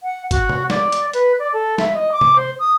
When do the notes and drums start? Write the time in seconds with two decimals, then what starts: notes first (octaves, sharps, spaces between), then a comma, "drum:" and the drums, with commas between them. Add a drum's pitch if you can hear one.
0.03 F#5
0.31 F#4, drum: kick, hi-hat
0.49 drum: tom C3
0.70 D5, drum: snare
0.92 drum: hi-hat
1.13 B4, drum: hi-hat
1.39 D5
1.53 A4
1.78 E5, drum: snare
1.94 D#5
2.12 D6
2.21 drum: tom C3
2.36 C5
2.59 D#6